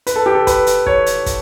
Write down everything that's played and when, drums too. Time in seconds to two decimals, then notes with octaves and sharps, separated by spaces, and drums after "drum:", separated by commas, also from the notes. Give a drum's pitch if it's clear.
0.07 B4, drum: hi-hat
0.16 A4
0.26 G4
0.35 A4
0.47 B4, drum: kick, hi-hat
0.67 drum: hi-hat
0.86 C#5, drum: kick
1.06 drum: hi-hat
1.26 drum: kick, hi-hat